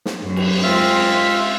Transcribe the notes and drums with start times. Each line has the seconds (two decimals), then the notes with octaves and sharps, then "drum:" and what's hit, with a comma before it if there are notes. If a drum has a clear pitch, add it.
0.05 drum: snare
0.22 F#2
0.36 drum: cymbal
0.63 G#3 C4 F4 E5